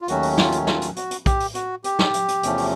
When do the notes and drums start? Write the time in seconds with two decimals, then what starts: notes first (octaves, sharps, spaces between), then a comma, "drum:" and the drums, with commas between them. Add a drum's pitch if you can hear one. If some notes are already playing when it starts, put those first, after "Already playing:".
0.01 F4
0.08 D#2 D#3 F#3 A3 C#4 F#4, drum: hi-hat
0.23 drum: open hi-hat
0.37 F4, drum: snare
0.52 drum: hi-hat
0.67 F4, drum: snare
0.81 drum: hi-hat
0.96 F#4, drum: hi-hat
1.11 drum: hi-hat
1.26 G4, drum: kick, hi-hat
1.40 drum: open hi-hat
1.55 F#4, drum: hi-hat
1.84 G4, drum: hi-hat
1.99 drum: snare
2.14 drum: hi-hat
2.28 drum: hi-hat
2.43 E2 C3 F3 A3 C#4, drum: hi-hat
2.58 drum: open hi-hat